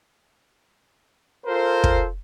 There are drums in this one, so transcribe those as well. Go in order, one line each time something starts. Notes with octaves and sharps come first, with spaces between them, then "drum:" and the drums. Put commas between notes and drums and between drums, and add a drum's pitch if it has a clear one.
F4 A4 A#4 C5
drum: kick